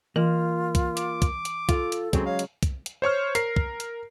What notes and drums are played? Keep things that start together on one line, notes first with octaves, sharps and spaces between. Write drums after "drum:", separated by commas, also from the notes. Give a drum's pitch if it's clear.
E3 A#3 F4
drum: kick, hi-hat
D6, drum: hi-hat
drum: kick, hi-hat
drum: hi-hat
F4 A4, drum: kick, hi-hat
drum: hi-hat
C#3 F#3 G#3 C4, drum: kick, hi-hat
C#5 F5
drum: hi-hat
drum: kick, hi-hat
drum: hi-hat
C5 C#5 C#6 F6
A#4 C7, drum: hi-hat
drum: kick
drum: hi-hat